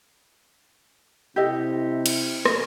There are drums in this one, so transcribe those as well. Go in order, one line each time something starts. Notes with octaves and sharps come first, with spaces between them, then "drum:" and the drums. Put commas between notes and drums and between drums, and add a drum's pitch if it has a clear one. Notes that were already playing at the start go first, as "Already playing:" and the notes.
C3 E4 G4 A4 D#5
drum: cymbal
drum: rim click